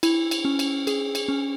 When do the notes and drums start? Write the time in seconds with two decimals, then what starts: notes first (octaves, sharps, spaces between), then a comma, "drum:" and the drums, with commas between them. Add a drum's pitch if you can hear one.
0.03 E4, drum: cymbal
0.31 drum: cymbal
0.45 C#4
0.59 drum: cymbal
0.87 G#4, drum: cymbal
1.15 drum: cymbal
1.28 C#4